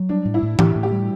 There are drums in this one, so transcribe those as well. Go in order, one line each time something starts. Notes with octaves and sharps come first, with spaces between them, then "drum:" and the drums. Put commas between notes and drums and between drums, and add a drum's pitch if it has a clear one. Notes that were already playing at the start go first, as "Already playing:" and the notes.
Already playing: F#3
G3 D4
A2
E4
A2
A2 G4, drum: tom E3
A2
G4
G3